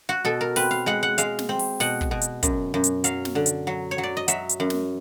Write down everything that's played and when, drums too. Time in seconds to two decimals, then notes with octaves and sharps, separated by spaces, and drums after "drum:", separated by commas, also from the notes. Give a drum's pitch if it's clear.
0.09 F#4
0.25 B2 A4
0.41 A#4
0.56 C4 B4, drum: open hi-hat
0.71 F5
0.86 G#3 F#5
1.03 F#5
1.18 G#3 F5, drum: hi-hat
1.39 drum: snare
1.49 C4
1.59 drum: open hi-hat
1.80 B2 F#5, drum: open hi-hat
2.01 drum: kick
2.11 B2
2.21 drum: hi-hat
2.43 F#2, drum: kick, hi-hat
2.74 F#2
2.84 drum: hi-hat
3.04 F#3 F5, drum: hi-hat
3.25 drum: snare
3.35 D3
3.46 drum: hi-hat
3.67 F#3
3.91 C#5
3.98 F#3
4.03 D5
4.17 D#5
4.28 F#3 E5, drum: hi-hat
4.49 drum: hi-hat
4.60 F#2
4.70 drum: snare